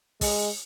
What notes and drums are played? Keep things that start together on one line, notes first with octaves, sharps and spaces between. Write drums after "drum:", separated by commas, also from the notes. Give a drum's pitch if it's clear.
G#3, drum: kick, open hi-hat